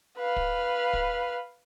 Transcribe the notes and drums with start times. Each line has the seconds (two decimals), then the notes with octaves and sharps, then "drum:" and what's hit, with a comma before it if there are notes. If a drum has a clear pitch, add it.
0.17 B4 F5
0.36 drum: kick
0.93 drum: kick